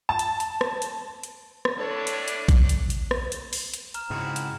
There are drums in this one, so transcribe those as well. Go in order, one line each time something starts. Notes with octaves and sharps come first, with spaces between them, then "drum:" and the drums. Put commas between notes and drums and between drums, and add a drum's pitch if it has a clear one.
A5
drum: hi-hat
drum: hi-hat
drum: rim click
drum: hi-hat
drum: hi-hat
drum: rim click
A2 D4 A4 C#5
drum: hi-hat
drum: hi-hat
drum: kick A#1, hi-hat
drum: hi-hat
drum: hi-hat
drum: rim click
drum: hi-hat
drum: open hi-hat
drum: hi-hat
A#5 F6 E7, drum: hi-hat
G#2 C#3 C4 E4 F#4
drum: hi-hat